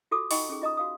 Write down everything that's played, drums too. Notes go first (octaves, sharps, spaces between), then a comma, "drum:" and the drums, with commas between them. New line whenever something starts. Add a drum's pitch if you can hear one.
F4 F#4 A4 D6 D#6
D#4 D#5 F#5 G5 B5 C#6, drum: open hi-hat
C#4 G#4
F4 D#5 A#5 D#6
F#4 F5 D#6